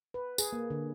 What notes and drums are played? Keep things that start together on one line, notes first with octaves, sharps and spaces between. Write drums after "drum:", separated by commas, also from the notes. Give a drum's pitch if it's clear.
B4
G#4, drum: tambourine
A#3
D3